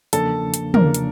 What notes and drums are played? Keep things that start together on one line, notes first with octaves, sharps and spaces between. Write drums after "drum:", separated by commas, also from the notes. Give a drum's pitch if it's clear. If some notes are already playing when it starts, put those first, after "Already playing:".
E2 C#3 F3 A#3 D4 A4, drum: hi-hat
drum: hi-hat
E2 C#3 F3 A#3 D4 A#4, drum: tom
drum: hi-hat